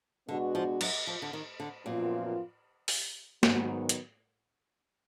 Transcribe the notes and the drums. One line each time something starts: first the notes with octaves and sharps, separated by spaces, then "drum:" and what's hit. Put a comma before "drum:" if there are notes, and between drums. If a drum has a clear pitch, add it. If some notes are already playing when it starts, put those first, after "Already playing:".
B2 D3 G#3 B3 D4 F#4
F3
F#3, drum: cymbal
F3
D3
D#3
D3
F#2 A#2 F3 B3 F4 A#4
drum: open hi-hat
G#2 D#3 F#3 B3, drum: snare
drum: hi-hat